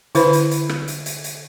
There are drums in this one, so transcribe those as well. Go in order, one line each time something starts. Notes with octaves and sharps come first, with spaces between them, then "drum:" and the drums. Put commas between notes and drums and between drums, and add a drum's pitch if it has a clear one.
D3 E4 B4 C5 B5, drum: hi-hat
drum: hi-hat
drum: hi-hat
drum: rim click
drum: hi-hat
drum: hi-hat
drum: hi-hat